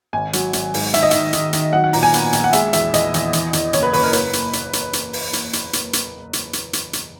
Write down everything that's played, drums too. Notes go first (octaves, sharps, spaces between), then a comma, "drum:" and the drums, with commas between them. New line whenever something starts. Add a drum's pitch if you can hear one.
G#1 G#5
F#3, drum: hi-hat
G#1, drum: hi-hat
G#2, drum: open hi-hat
D#3 E5, drum: hi-hat
D#5
D#3 E5, drum: hi-hat
D#3, drum: hi-hat
D#3, drum: hi-hat
F#3 F#5
F#5
A#2 A#5, drum: open hi-hat
G#5
B3, drum: hi-hat
A#1, drum: hi-hat
F#5
G#3 E5, drum: hi-hat
E2 E5, drum: hi-hat
E2 D#5, drum: hi-hat
E2, drum: hi-hat
E3, drum: hi-hat
E2, drum: hi-hat
F#1 C#5, drum: hi-hat
B4
F#1 B4, drum: open hi-hat
A#4
A#3 B4, drum: hi-hat
drum: hi-hat
drum: hi-hat
drum: hi-hat
drum: hi-hat
drum: open hi-hat
drum: hi-hat
drum: hi-hat
drum: hi-hat
drum: hi-hat
drum: hi-hat
drum: hi-hat
drum: hi-hat
drum: hi-hat